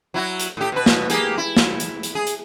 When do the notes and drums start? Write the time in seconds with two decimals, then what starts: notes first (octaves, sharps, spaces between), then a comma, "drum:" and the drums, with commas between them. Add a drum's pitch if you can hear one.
0.14 F#3 E4 F#4
0.40 drum: hi-hat
0.57 A2 G4
0.72 B2 B4
0.86 drum: snare
1.10 A#3 G4 G#4, drum: hi-hat
1.38 E4
1.57 drum: snare
1.80 drum: hi-hat
2.03 drum: hi-hat
2.15 G#4
2.27 drum: hi-hat